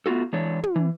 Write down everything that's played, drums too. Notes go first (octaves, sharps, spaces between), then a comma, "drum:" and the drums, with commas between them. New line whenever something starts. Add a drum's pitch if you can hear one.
A3 B3 F4 F#4 A4
E3 G#3 D4 C#5
drum: tom
E3